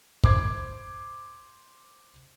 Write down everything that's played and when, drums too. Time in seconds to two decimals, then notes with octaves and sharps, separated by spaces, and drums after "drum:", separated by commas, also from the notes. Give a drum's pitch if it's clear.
0.24 C5 D6 G#6, drum: kick